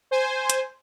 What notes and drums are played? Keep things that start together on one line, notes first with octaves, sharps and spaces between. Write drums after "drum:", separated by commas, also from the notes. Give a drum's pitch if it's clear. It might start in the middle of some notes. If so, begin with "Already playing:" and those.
C5 G#5
drum: hi-hat